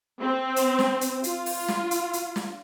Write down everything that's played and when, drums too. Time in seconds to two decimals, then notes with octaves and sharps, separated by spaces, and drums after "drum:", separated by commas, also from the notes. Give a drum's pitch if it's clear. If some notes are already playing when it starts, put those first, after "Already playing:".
0.21 C4
0.56 drum: hi-hat
0.79 drum: snare
1.01 drum: hi-hat
1.24 F4, drum: hi-hat
1.46 drum: open hi-hat
1.68 drum: snare
1.91 drum: hi-hat
2.13 drum: hi-hat
2.36 drum: snare